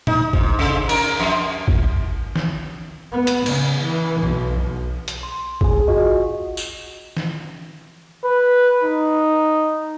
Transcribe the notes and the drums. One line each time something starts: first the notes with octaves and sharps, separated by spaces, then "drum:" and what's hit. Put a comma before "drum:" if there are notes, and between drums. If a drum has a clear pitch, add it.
D#4, drum: tom A#2
G#2, drum: kick
C3
A#4, drum: cymbal
F2
drum: kick
drum: snare
B3
drum: hi-hat
C#3, drum: cymbal
E3
B1
B1
drum: hi-hat
C6
G#4 G#5, drum: kick
F4 F#4 D#5
drum: tambourine
drum: snare
B4
D#4